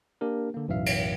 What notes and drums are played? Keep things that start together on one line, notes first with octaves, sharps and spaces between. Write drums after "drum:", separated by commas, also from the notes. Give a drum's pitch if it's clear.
A#3 D4 G4 A#4
D3 A#3
B1 F#2 A2 E3 E5 F5
drum: cymbal